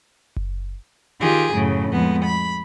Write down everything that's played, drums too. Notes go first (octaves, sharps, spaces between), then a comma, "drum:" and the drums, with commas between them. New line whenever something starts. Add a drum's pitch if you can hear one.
drum: kick F#1
D#3 F4 G4 G#4
F#2 A2 C#3
F2 G#3 B3
B5